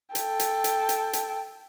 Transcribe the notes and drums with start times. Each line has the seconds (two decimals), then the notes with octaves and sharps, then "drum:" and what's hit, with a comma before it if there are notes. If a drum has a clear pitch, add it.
0.15 A4 G5, drum: hi-hat
0.39 drum: hi-hat
0.64 drum: hi-hat
0.89 drum: hi-hat
1.13 drum: hi-hat